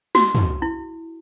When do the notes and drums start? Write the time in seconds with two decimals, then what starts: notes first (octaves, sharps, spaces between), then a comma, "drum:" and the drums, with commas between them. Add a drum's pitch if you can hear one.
0.15 F#4, drum: snare
0.35 drum: tom
0.62 E4